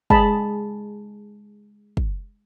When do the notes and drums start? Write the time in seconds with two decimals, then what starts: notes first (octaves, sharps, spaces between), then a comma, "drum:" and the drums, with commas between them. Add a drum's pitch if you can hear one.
0.10 G#3 G#4 A5 B5, drum: kick
1.97 drum: kick